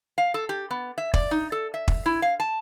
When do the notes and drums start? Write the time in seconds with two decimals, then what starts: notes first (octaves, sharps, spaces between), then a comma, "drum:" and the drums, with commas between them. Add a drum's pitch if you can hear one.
0.18 F5
0.34 A4
0.49 G4
0.71 B3
0.98 E5
1.14 D5, drum: kick
1.31 D#4
1.52 A4
1.74 E5
1.88 drum: kick
2.06 E4
2.22 F5
2.40 A5